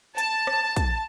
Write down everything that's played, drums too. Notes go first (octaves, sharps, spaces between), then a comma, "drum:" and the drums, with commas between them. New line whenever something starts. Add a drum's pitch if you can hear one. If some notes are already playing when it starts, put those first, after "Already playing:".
A5, drum: hi-hat
drum: rim click
drum: kick, hi-hat